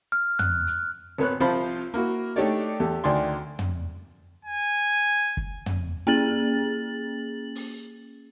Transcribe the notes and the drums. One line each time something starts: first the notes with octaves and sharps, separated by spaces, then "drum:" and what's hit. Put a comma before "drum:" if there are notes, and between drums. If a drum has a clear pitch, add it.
F6
F#6, drum: tom
drum: hi-hat
G#1 B3 C#5 F#6
C2 F3 F4 C5 A5 B5
A#3 E4 F#4
A3 D4 D#4 G4 C#5 D5
E2 G4 A4
D2 D#3 D4 D5 G#5 C6
drum: tom
G#5
drum: kick
drum: tom
A#3 C#4 G#4 A6 F#7
drum: open hi-hat